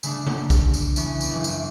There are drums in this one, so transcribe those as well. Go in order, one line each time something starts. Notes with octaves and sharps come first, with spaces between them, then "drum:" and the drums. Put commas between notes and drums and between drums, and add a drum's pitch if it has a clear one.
C#3 A3 D4, drum: tambourine
drum: tom D3
drum: kick B1, tambourine
drum: tambourine
E3 A3 B3 C#4, drum: tambourine
drum: tambourine
F#1 E3
drum: tambourine